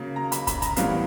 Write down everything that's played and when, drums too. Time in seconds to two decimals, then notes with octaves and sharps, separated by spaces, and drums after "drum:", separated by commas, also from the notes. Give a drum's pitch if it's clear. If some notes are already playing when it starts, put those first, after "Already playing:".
Already playing: C#3 F#3 A#3
0.16 A#5
0.32 B5, drum: hi-hat
0.47 B5, drum: kick, hi-hat
0.62 A#5, drum: kick, hi-hat
0.76 A2 E3 G3 B3 F5, drum: hi-hat